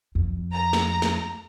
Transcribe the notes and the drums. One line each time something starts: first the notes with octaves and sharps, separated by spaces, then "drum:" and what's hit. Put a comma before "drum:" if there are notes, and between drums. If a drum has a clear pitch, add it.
F2
A#5
drum: snare
drum: snare